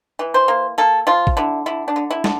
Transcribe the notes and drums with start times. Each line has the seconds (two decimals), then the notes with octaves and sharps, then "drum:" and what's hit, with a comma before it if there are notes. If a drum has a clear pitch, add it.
0.19 E3
0.34 C5
0.48 A#3
0.78 A#3 A4
1.07 F3 F4
1.27 drum: kick G#1
1.37 D3 E4
1.66 D3 E4
1.88 D4
1.96 D3
2.11 E4
2.24 D3, drum: snare